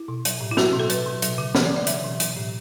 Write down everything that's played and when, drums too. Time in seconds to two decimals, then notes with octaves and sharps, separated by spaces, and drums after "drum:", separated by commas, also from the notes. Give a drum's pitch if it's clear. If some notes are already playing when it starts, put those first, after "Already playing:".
Already playing: E4
0.08 B2
0.25 F#3, drum: hi-hat
0.40 A2
0.52 E4
0.57 F#3 F#4, drum: snare
0.73 B2
0.80 A4
0.90 F#3 B4, drum: hi-hat
1.07 B2
1.22 F#3, drum: hi-hat
1.38 C#3
1.55 E3 C#5, drum: snare
1.65 D5
1.71 C#3
1.76 D5
1.87 F#3 E5, drum: hi-hat
2.04 B2
2.20 F#3, drum: hi-hat
2.36 A2